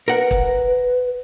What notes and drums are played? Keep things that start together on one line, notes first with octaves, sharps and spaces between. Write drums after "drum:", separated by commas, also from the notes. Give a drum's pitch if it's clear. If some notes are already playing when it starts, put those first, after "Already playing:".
A#4 B4 F#5
drum: kick